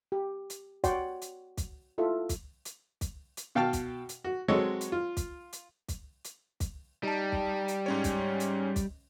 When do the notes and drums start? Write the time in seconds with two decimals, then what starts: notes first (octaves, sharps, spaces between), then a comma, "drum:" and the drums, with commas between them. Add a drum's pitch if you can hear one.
0.12 G4
0.50 drum: hi-hat
0.84 F#4 C#5 D5 F#5 G5 C6, drum: kick, hi-hat
1.22 drum: hi-hat
1.57 drum: kick, hi-hat
1.98 E4 F4 A4 E5
2.29 drum: kick, hi-hat
2.65 drum: hi-hat
3.01 drum: kick, hi-hat
3.37 drum: hi-hat
3.55 B2 F5 G5 A5 F6
3.73 drum: kick, hi-hat
4.09 drum: hi-hat
4.25 F#4
4.48 F#3 G#3 C4 A4 C#5 D#5
4.81 drum: hi-hat
4.92 F4
5.17 drum: kick, hi-hat
5.53 drum: hi-hat
5.88 drum: kick, hi-hat
6.24 drum: hi-hat
6.60 drum: kick, hi-hat
7.03 G3 D#4 A5
7.32 drum: kick
7.68 drum: hi-hat
7.86 G#2 C#4 C#5
8.04 drum: kick, hi-hat
8.40 drum: hi-hat
8.76 drum: kick, hi-hat